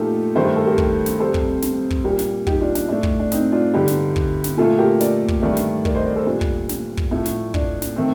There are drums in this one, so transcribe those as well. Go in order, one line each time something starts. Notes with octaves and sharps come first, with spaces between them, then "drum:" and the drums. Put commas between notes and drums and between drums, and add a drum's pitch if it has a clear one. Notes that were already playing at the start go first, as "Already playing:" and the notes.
Already playing: A#2 F3 A3 D#4 F4 G4 A4
G2 D#3 A3 C5
A#4
A4
G4 A#4
drum: kick
drum: snare
F2 C3 G3 A4 C5
drum: kick
drum: snare
drum: kick
A#2 G3 G4 A#4
drum: snare
D#4 G4, drum: kick
D4 F4
D4, drum: snare
A2 A3 D4
drum: kick
D4
C4 D#4, drum: snare
D4 F4
G2 D3 G3 D#4 G4
drum: snare
drum: kick
drum: snare
A#2 A3 F4 A4
G4 A#4
A#4 D5, drum: snare
drum: kick
G2 D#3 A3 A#4 D5
drum: snare
A#4 D5, drum: kick
C5 D#5
A#4 D5
A4 C5
A#2 G3 D4
drum: kick
drum: snare
drum: kick
A2 F3 A3
drum: snare
D4, drum: kick
drum: snare
D#3 A3 C4